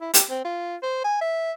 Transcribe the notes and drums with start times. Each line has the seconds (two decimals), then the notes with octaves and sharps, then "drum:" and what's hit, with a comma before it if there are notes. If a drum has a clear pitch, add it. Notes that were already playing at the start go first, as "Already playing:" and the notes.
0.01 E4
0.14 G4, drum: hi-hat
0.30 C4
0.45 F4
0.83 C5
1.04 G#5
1.21 E5